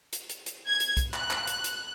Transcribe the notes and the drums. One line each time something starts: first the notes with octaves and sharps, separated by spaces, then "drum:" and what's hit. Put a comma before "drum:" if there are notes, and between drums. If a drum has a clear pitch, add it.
drum: hi-hat
drum: hi-hat
drum: hi-hat
G#6
drum: hi-hat
drum: kick, hi-hat
F#6, drum: clap
drum: clap
drum: hi-hat
drum: hi-hat